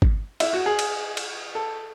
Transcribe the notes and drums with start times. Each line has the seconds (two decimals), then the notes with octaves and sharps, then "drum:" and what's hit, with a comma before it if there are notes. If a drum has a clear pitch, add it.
0.02 drum: kick
0.40 E4, drum: cymbal
0.53 F#4
0.66 G#4
0.79 drum: cymbal
1.17 drum: cymbal
1.55 A4